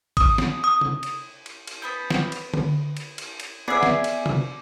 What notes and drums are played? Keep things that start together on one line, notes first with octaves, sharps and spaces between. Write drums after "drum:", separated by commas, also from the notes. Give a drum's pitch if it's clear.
D#6, drum: kick, cymbal
drum: snare
D#6
drum: tom C3
drum: cymbal
drum: cymbal
drum: cymbal
B3 B5 G6
drum: snare
drum: cymbal
drum: tom D3
drum: cymbal
drum: cymbal
drum: cymbal
B3 G#4 D5 E5
drum: snare
drum: cymbal
drum: tom C3